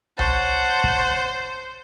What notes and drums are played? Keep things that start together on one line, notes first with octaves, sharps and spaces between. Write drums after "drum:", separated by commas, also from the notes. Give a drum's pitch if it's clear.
C5 C#5 F#5 A5, drum: tom C2
drum: kick